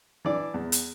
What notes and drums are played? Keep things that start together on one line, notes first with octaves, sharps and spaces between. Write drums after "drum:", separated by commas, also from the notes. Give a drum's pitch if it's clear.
E3 D4 D5
E2
drum: hi-hat